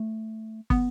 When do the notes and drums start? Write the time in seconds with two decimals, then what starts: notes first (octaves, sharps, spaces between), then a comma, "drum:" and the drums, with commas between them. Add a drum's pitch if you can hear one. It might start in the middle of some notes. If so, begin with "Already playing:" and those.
Already playing: A3
0.70 B3, drum: kick